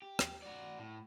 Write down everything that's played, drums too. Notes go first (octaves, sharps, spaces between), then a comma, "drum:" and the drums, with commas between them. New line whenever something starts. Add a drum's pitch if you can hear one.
G4
drum: rim click
F#4 D5
A2